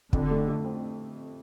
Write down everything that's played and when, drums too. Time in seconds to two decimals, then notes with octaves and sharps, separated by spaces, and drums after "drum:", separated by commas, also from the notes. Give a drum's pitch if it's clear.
0.13 F2 D3, drum: kick
0.31 A3
0.48 A3
0.65 C4